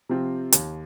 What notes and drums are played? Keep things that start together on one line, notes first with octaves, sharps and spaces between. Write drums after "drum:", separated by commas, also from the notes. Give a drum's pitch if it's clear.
C3 F3 C4 F4
D#2, drum: hi-hat